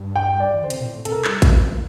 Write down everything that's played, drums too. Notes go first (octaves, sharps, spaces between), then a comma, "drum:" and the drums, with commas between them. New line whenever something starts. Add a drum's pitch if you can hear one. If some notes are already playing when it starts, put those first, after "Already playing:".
Already playing: G2
G5
D5
E3
D3 C5
C3, drum: hi-hat
A#2
A2
C3 A4, drum: hi-hat
A#4
G3, drum: clap
drum: kick A#1, hi-hat